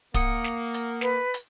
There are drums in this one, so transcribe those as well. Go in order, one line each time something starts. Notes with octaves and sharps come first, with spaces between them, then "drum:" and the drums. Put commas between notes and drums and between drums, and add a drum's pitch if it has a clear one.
A#3 F#5 D#6 C#7, drum: kick D1, hi-hat
drum: snare
drum: hi-hat
B4, drum: snare
drum: hi-hat